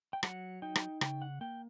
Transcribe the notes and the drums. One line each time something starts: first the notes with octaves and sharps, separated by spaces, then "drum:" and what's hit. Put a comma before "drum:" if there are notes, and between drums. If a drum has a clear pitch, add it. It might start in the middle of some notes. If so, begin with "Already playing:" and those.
G5
F#3 F#5, drum: rim click
D#4 G5
drum: rim click
C#3 G5, drum: rim click
F#5
A#3 G5